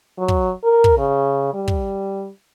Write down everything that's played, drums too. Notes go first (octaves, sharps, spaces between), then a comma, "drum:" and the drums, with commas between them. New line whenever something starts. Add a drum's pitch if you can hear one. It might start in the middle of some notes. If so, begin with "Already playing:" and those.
F#3
drum: kick
A#4
drum: kick
C#3
G3
drum: kick